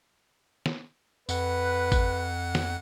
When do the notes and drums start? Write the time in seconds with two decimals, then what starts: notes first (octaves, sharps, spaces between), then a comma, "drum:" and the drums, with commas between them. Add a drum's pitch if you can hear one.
0.66 drum: snare
1.29 F2 B4 F#5 F#6, drum: tambourine
1.92 drum: kick G#1, tambourine
2.55 drum: snare